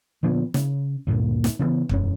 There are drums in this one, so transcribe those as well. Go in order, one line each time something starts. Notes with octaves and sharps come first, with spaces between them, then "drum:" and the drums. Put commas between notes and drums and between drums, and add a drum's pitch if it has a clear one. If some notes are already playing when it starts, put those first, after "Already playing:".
A#2 D3 F3 B3
C#3, drum: snare
D2 G2 A#2 A#3
drum: snare
C#3 E3 A3 B3
E1 F#2 C#4, drum: kick